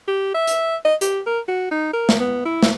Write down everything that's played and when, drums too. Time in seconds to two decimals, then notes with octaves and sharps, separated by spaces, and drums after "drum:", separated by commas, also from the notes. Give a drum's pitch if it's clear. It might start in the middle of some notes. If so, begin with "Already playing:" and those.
0.08 G4
0.34 E5
0.47 drum: hi-hat
0.85 D#5
1.01 G4, drum: hi-hat
1.26 A#4
1.48 F#4
1.71 D#4
1.93 A#4
2.09 drum: snare
2.20 B3
2.45 E4
2.63 drum: snare